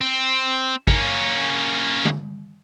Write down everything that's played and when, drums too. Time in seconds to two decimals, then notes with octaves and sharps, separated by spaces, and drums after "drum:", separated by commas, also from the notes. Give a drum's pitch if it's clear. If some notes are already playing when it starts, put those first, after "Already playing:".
0.01 C4
0.87 A#3 C#4, drum: kick
2.05 drum: tom D3